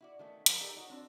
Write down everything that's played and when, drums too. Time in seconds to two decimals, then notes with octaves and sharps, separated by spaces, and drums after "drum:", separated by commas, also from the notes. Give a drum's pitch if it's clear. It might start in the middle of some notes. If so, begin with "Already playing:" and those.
0.01 E4 F#4 D5
0.19 D#3 A3 C#4
0.46 F3 G3 A#4 A5, drum: hi-hat
0.61 D#4 G4 A4 A#4 D5
0.76 D#4 F#4 C#5
0.90 C4 D4